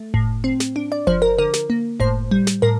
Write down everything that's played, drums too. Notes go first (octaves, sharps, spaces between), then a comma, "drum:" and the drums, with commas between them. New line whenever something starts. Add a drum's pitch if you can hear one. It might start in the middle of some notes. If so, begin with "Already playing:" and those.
Already playing: A3
A2, drum: kick F#1
C4
drum: snare
D4
D5
F3 C5, drum: kick F#1
A#4
D3 A#4
drum: snare
A#3
A2 C5, drum: kick F#1
G3
drum: snare
A2 A#4